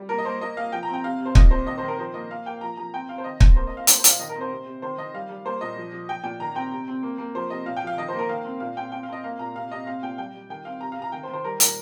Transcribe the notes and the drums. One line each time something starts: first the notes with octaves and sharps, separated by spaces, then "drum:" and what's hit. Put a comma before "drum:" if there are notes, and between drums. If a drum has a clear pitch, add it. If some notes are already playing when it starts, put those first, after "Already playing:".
Already playing: G3
A#3 A#4
D#5
A#3 C5
A#3 D#5
A#3 F5
F3 G5
A#5
C4 G5
C3 F5
C3
C5
A#2 D#5, drum: kick
C4 C5
D#3 D#5
C5
D#3
A#4
F3 C5
A#3 D#5
A#3 F5
A#3 G5
F3 A#5
F3 A#5
C4 G5
C4 F5
C5
D#3 D#5
C4, drum: kick
A#3 C5
D#5
A#3 F5
A#3 C5, drum: hi-hat
C5
A#2 F5, drum: hi-hat
D#3 D#5
A#4
C4
C5
C3
C3
D#3 C5
D#3 D#5
G3 F5
G3
A#3 C5
A#2 D#5
F3
F3
F3 G5
A#2 G5
D#3 A#5
C4 G5
C3
C4
A#3
A#3
F3 C5
C3 D#5
A#2 F5
G5
F3 F5
D#3 D#5
A#3 C5
A#4
D#3 F5
C4
A#2 F5
C4 G5
C4 G5
F5
C4 D#5
A#3 F5
A#2 A#5
C3 F5
C3 D#5
C4 F5
A#2 G5
G3 G5
G3
D#3 G5
C4 F5
C3 A#5
F5
C3 A#5
D#3 G5
C5
D#3
C5
G3 A#4
A#2 A#4, drum: hi-hat